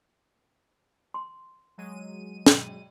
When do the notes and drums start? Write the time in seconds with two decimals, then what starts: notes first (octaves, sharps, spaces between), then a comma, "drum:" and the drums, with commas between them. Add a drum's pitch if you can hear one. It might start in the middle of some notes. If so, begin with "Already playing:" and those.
1.14 C6
1.78 F#3 G#3 D#7
2.46 drum: snare